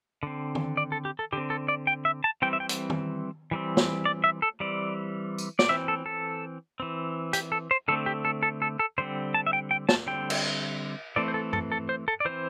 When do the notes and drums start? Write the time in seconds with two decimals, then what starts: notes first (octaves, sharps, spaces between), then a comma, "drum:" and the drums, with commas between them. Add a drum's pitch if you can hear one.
0.23 D3 C4
0.55 drum: tom
0.77 D5
0.92 A4
1.05 G4
1.19 A4
1.33 D3 C4 G4
1.50 A4
1.68 D5
1.87 G5
2.05 E5
2.24 A5
2.42 E3 G3 C4 G5
2.53 E5
2.60 G5
2.69 drum: hi-hat
2.90 drum: tom
3.51 E3 G3 C4
3.77 drum: snare
4.05 D5
4.24 E5
4.42 A4
4.60 E3 G3 C4 D5
5.38 drum: tambourine
5.59 D5, drum: snare
5.69 E3 C4 E5
5.88 A4
6.06 A4
6.80 E3 C4
7.33 G4, drum: hi-hat
7.52 A4
7.71 C5
7.88 D3 A3 C4 A4
8.06 G4
8.25 A4
8.43 A4
8.62 A4
8.79 A4
8.98 D3 G3 C4 C5
9.34 A5
9.47 E5
9.53 G5
9.71 G5
9.89 A5, drum: snare
10.07 D3 G3 C4 G5
10.30 drum: cymbal
11.16 E3 A3 C4 D5
11.28 C5
11.34 A4
11.53 A4, drum: tom
11.72 A4
11.89 C5
12.08 A4
12.20 D5
12.25 E3 C4 C5